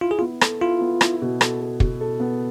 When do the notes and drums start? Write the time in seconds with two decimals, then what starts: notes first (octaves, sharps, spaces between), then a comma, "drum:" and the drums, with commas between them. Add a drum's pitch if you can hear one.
0.01 E4 F4
0.11 G#4
0.19 B3 F4
0.41 A4, drum: rim click
0.61 E4 F4
0.81 B3
1.01 E4, drum: rim click
1.22 B2
1.41 A4, drum: rim click
1.61 A4
1.80 B2, drum: kick
2.01 A4
2.20 B3